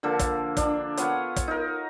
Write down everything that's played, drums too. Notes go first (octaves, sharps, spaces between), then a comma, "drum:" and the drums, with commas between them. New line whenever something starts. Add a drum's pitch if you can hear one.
D3 F3 A#3 A4
drum: kick, hi-hat
D4, drum: kick, hi-hat
B3 F4 C#5 F#5, drum: hi-hat
drum: kick, hi-hat
D#4 A#4